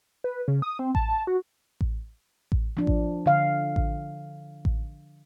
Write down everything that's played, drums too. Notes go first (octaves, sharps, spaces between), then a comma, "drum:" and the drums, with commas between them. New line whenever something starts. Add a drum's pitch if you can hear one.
B4
C#3
D#6
C4
A5, drum: kick A1
F#4
drum: kick A1
drum: kick A1
F3 D4
drum: kick A1
D3 F5
drum: kick A1
drum: kick A1